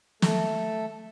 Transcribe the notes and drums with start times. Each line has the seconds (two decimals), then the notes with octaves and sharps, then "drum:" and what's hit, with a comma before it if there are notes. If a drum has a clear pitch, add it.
0.22 A3 A4, drum: snare